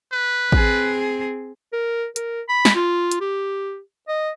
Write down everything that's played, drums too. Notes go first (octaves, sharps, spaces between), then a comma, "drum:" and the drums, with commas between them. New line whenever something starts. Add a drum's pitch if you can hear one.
B4
C4 G#4, drum: kick A1
A#4
A#4, drum: hi-hat
B5
drum: snare
F4
drum: hi-hat
G4
D#5